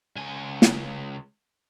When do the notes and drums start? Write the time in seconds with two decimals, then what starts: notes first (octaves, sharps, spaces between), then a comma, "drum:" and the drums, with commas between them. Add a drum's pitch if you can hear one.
0.16 C#2 G#5
0.62 drum: snare